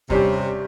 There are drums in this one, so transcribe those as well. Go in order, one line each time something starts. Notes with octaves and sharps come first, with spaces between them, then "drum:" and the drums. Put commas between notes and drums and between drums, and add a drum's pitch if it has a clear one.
G2 C3 G3 C#4 G4, drum: kick